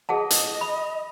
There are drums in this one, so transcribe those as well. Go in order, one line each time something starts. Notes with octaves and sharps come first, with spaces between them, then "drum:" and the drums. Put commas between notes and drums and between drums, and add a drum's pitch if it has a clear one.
G#4 D#5 F#5 A5
drum: hi-hat
B5